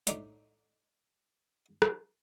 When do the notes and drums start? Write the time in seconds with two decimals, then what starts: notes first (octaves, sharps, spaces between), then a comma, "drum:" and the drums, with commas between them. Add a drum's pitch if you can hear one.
0.07 A2 A3 D4 D#4 D6, drum: hi-hat
1.82 drum: rim click